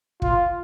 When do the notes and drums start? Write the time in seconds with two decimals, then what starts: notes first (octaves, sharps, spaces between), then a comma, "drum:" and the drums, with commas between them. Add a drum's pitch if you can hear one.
0.22 F4, drum: kick